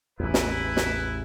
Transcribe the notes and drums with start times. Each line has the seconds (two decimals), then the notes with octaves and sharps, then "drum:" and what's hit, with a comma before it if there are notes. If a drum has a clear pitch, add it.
0.20 A1 E2 E4 B4
0.34 drum: snare
0.77 drum: snare